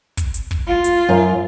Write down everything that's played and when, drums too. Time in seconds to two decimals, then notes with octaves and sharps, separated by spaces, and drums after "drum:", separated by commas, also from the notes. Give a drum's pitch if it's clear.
0.17 drum: kick, hi-hat
0.34 drum: hi-hat
0.51 drum: kick
0.67 F4
0.84 drum: hi-hat
1.09 F#2